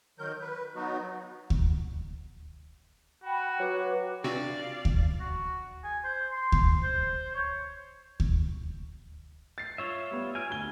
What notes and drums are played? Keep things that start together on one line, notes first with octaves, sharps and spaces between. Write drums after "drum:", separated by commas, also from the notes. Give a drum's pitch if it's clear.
D#3 F#3 A#4 G6
B4
F#3 B3 D#4 F#4
drum: kick D2
F#4 G5 B5
F#3 B4 D6
C3 C4 D4 F4 F#4 D5 F5
drum: kick D2
F#4
G#5
C5
C6
drum: kick D2
C5
C#5
drum: kick D2
A6 C7
F4 C#5 E5
G3 B3
G#5 F6 G#6 D7
D2 G7